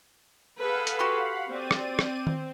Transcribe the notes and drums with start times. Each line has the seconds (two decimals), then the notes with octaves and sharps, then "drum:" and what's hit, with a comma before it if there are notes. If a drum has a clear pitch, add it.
0.59 G#4 A4 B4 F5 F#5 B5
0.87 drum: hi-hat
0.99 F#4 G4 C6
1.50 C4 D5 D#7
1.71 drum: rim click
1.99 drum: rim click
2.27 drum: tom D#3